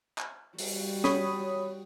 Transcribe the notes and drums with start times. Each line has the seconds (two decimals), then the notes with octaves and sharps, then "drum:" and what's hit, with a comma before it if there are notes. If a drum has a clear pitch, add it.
0.18 drum: clap
0.59 G3 F#4, drum: open hi-hat
1.04 C#5 B5 D#6, drum: snare